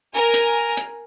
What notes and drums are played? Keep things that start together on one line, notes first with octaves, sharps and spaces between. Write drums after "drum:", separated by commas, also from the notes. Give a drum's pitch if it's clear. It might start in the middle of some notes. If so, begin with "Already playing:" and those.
A#4 G#5
drum: hi-hat
drum: hi-hat